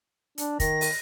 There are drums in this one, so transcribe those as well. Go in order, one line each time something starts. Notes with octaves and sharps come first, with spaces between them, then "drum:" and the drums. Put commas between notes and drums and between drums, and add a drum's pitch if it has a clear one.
D4, drum: hi-hat
D#3 A#6, drum: kick, hi-hat
drum: open hi-hat